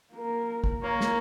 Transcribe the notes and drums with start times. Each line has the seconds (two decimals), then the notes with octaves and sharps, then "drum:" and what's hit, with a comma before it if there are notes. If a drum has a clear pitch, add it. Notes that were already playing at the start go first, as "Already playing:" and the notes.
0.13 A#3 A#4
0.64 drum: kick
0.82 A#3 A#4 C#5
1.01 drum: snare